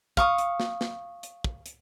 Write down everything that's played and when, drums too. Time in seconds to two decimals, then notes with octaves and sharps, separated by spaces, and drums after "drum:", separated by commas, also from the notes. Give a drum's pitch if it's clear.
0.17 F5 C#6 D#6, drum: kick
0.38 drum: hi-hat
0.60 drum: snare
0.81 drum: snare
1.23 drum: hi-hat
1.44 drum: kick
1.66 drum: hi-hat